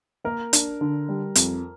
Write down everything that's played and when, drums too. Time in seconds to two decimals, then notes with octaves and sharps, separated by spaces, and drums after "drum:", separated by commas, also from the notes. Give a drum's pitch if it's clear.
0.24 A#3 A#4
0.53 D4, drum: hi-hat
0.81 D3
1.09 G3
1.35 F2, drum: hi-hat